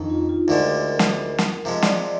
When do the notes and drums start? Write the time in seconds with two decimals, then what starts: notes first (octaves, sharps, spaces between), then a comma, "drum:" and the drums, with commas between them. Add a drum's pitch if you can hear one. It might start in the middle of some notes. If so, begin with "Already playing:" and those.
Already playing: F2 D#3 D4 D#4
0.10 F4
0.29 F4
0.48 D2 D3 G#3 A#4
0.99 drum: snare
1.38 drum: snare
1.65 C3 F3 G#3
1.74 D#5
1.82 D5, drum: snare
1.91 D#5